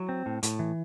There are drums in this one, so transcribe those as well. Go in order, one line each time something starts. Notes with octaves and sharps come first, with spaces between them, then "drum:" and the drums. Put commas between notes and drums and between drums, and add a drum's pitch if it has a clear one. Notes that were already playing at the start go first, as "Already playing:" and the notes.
Already playing: F#3 E4
C4
A2
A2, drum: hi-hat
E3